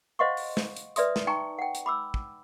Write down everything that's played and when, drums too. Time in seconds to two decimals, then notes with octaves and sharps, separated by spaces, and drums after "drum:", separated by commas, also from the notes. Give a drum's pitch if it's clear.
0.19 C5 D#5 F5 F#5 C6 C#6
0.37 drum: open hi-hat
0.57 drum: snare
0.76 drum: hi-hat
0.96 B4 D5 E5 C6 D#6, drum: hi-hat
1.16 drum: snare
1.27 D#4 G5 G#5 A#5 C#6
1.59 F#5 G5
1.75 drum: hi-hat
1.86 B5 D6 E6
2.14 drum: kick